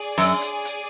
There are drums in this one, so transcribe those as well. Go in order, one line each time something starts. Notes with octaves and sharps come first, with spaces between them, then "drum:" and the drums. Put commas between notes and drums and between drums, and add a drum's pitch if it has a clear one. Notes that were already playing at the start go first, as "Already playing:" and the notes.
Already playing: G#4 D5 G#5
F#2, drum: open hi-hat
drum: hi-hat
drum: hi-hat